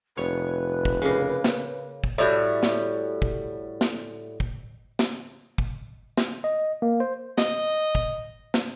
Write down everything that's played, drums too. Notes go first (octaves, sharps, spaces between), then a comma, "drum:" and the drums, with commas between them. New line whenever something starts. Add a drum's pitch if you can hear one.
F1 B4 C#5
drum: kick
C#3 A#3
drum: snare
drum: kick
A2 G3 F#4
drum: snare
drum: kick
drum: snare
drum: kick
drum: snare
drum: kick
drum: snare
D#5
A#3
C5
D#5, drum: snare
drum: kick
drum: snare